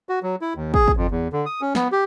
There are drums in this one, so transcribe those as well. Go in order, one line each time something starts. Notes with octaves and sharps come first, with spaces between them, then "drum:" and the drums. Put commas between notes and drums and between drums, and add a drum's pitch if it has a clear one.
F#4
F#3
E4
D#2
G#4, drum: kick
drum: kick
F2
E2
D3
D#6
C#4
B3, drum: snare
G4